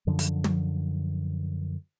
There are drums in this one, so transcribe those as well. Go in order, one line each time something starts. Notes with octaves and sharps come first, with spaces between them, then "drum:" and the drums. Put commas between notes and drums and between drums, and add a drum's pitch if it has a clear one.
F#2 D3 F3 F#3
drum: hi-hat
drum: tom